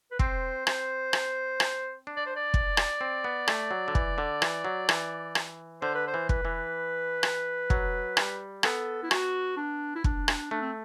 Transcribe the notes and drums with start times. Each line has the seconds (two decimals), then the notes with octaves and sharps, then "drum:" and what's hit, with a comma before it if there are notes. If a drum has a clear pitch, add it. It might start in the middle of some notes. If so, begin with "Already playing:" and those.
0.11 B4
0.19 C4 C5, drum: kick
0.67 C5, drum: rim click
1.13 drum: rim click
1.60 drum: rim click
2.07 D4
2.17 D5
2.26 C5
2.36 D5
2.54 drum: kick
2.77 drum: rim click
3.01 C4
3.24 B3
3.48 A3, drum: rim click
3.71 F#3
3.88 D3
3.95 E3, drum: kick
4.18 D3
4.42 E3, drum: rim click
4.65 F#3
4.89 E3, drum: rim click
5.35 drum: rim click
5.82 D3 C5
5.95 B4
6.08 C5
6.14 E3
6.29 B4, drum: kick
6.45 E3
7.23 drum: rim click
7.70 F#3, drum: kick
8.17 G3, drum: rim click
8.63 B3 A4, drum: rim click
9.03 E4
9.11 F#4, drum: rim click
9.57 D4
9.96 E4
10.04 D4, drum: kick
10.28 drum: rim click
10.51 A3 D4
10.61 C4